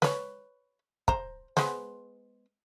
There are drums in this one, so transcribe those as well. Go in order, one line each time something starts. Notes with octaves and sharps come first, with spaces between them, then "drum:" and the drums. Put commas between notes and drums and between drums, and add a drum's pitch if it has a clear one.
B4 C#5, drum: snare
C5 A#5, drum: kick
G#3 B3 C5, drum: snare